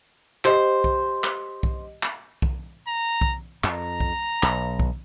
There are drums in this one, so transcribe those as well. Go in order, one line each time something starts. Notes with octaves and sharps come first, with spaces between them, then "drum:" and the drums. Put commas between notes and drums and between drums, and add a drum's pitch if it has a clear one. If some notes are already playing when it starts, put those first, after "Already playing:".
G4 C5 D#5, drum: clap
drum: kick B1
drum: clap
drum: kick B1
drum: clap
drum: kick B1
A#5
drum: kick B1
F2 A#5, drum: clap
drum: kick B1
B1, drum: clap
drum: kick B1